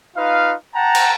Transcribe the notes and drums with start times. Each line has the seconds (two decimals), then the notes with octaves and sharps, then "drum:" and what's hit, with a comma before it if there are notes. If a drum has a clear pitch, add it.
0.17 D#4 F4 B4 F5
0.75 F#5 G5 A5 A#5
0.95 drum: cymbal